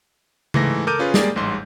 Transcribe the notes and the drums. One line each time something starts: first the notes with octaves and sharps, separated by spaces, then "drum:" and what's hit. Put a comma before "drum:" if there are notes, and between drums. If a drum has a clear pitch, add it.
G#2 E3 A3 A#6, drum: tom C#3
A4 A#4 D6 G6 D#7
C#4 F4 G#4 B4
G3 G#3 A#3 G#4 D5, drum: snare
A1 G#2 C6